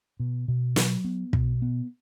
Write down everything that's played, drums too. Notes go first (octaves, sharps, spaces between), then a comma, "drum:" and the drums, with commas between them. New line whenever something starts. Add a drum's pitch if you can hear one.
B2
B2
F#3, drum: snare
B3
B2, drum: kick
B3